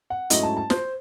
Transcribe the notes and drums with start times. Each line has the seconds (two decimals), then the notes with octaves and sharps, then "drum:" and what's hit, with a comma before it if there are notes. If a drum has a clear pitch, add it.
0.10 F#5
0.30 G#2 F#3 A3 C#4 E4 D#5, drum: hi-hat
0.43 A5
0.57 A5
0.70 C5, drum: snare